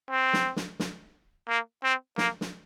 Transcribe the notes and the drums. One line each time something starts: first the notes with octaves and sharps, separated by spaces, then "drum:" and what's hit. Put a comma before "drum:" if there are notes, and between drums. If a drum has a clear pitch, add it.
C4
drum: snare
drum: snare
drum: snare
A#3
C4
A#3, drum: snare
drum: snare